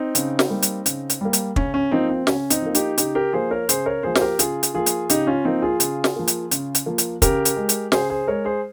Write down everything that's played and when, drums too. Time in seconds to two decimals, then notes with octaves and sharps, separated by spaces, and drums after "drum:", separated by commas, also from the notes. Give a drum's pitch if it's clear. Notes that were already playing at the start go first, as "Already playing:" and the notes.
Already playing: C4 D#4
0.15 C#3, drum: hi-hat
0.39 drum: snare
0.50 G3 A#3
0.62 drum: hi-hat
0.86 C#3, drum: hi-hat
1.10 drum: hi-hat
1.21 G3 A#3
1.33 drum: hi-hat
1.56 C#3 C#4, drum: kick
1.74 C#4
1.91 F3 A#3 C4 D#4
2.09 C4
2.27 C#3 C#4, drum: snare
2.50 C4 D#4, drum: hi-hat
2.62 F3 A#3
2.75 D#4 G4, drum: hi-hat
2.98 C#3 D#4 G4, drum: hi-hat
3.15 G4 A#4
3.33 F3 A#3 G#4 C5
3.51 A#4 C#5
3.69 C#3 G#4 C5, drum: hi-hat
3.86 A#4 C#5
4.03 F3 A#3 G#4 C5
4.15 C5, drum: snare
4.21 G4 A#4
4.39 C#3 F4 G#4, drum: hi-hat
4.63 drum: hi-hat
4.74 F3 A#3 F4 G#4
4.86 drum: hi-hat
5.09 C#3 D#4 G4, drum: hi-hat
5.27 C#4 F4
5.45 F3 A#3 C4 D#4
5.62 F4 G#4
5.80 C#3, drum: hi-hat
6.04 drum: snare
6.16 F3 A#3
6.27 drum: hi-hat
6.51 C#3, drum: hi-hat
6.75 drum: hi-hat
6.86 F3 A#3
6.98 drum: hi-hat
7.22 C#3 G4 A#4, drum: kick, hi-hat
7.45 drum: hi-hat
7.57 G#3
7.69 drum: hi-hat
7.92 C#3 G#4 C5, drum: snare
8.10 G#4 C5
8.27 G#3 A#4 C#5
8.45 G#4 C5